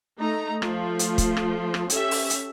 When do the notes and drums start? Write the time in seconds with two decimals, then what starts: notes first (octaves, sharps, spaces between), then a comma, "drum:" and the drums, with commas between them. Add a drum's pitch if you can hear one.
0.19 A3 D#4 A#5
0.62 F3 A3 F4, drum: rim click
0.99 drum: hi-hat
1.18 drum: kick, hi-hat
1.37 drum: rim click
1.74 drum: rim click
1.90 C#4 G4 A4 E5, drum: hi-hat
2.11 drum: open hi-hat
2.30 drum: hi-hat